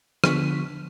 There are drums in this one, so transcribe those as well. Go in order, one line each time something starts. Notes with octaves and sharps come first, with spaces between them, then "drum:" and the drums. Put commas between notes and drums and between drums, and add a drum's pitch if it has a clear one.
D3 F3 B3 C#6 B6, drum: rim click